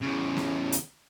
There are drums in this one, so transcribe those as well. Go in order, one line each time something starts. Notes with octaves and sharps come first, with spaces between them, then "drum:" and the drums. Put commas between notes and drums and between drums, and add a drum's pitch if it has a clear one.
E2 C#3
drum: snare
drum: hi-hat